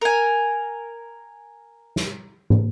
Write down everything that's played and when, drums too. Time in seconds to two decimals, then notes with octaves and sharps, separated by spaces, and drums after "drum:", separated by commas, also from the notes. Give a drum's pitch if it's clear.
0.01 A#4 G#5
1.96 drum: snare
2.50 drum: tom